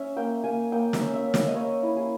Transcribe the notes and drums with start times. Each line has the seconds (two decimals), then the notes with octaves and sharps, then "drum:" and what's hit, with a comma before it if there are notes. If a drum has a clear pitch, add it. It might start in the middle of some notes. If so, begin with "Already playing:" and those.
Already playing: C#4 E5
0.16 A#3 G5
0.44 A#3 G#5
0.72 A#3 G5
0.93 E5, drum: snare
1.00 C#4
1.14 E5
1.27 C#4
1.34 E5, drum: snare
1.47 D#5
1.54 A#3 C#5
1.83 E4
1.97 G#4